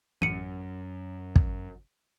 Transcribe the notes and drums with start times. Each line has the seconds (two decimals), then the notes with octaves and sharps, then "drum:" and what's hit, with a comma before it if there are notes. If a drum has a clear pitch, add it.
0.22 A1 F#2 C#7 D#7
1.36 drum: kick